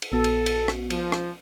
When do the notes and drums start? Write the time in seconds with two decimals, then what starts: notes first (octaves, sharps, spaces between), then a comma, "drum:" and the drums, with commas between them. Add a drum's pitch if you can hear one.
0.02 drum: cymbal
0.12 A#1 B3 F#4 A4
0.24 drum: cymbal
0.46 drum: cymbal
0.68 drum: rim click
0.90 F3, drum: cymbal
1.12 drum: rim click